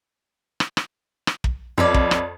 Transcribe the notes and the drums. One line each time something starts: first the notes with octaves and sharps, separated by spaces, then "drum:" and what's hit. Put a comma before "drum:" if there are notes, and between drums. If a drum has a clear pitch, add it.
drum: rim click
drum: rim click
drum: rim click
drum: kick
F2 C#4 B4 D5
drum: kick
drum: rim click